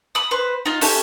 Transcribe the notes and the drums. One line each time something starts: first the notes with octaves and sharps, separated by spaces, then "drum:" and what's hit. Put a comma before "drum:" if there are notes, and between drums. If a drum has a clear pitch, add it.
B5 D#6
B4 C5
D#4 F4
C#4 G4 A4, drum: open hi-hat